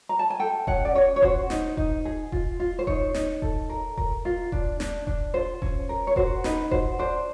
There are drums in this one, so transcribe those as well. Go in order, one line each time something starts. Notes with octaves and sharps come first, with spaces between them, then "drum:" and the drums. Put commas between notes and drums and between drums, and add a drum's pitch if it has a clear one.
A#5
A5
G#5
A4 G5
C#4 F#5, drum: kick E1
D5
C#4 C#5
C#5
F#4 C5, drum: kick E1
D#4, drum: snare
D#4, drum: kick E1
G#4
F4, drum: kick E1
F4
C5
D#4 C#5, drum: kick E1
D#4, drum: snare
A4, drum: kick E1
A#4
A#4, drum: kick E1
F4
D4, drum: kick E1
D4, drum: snare
D4, drum: kick E1
F4 C5
C#4, drum: kick E1
A#4
C#5
F#4 C5, drum: kick E1
D#4 B4, drum: snare
F#4 C5, drum: kick E1
D4 C5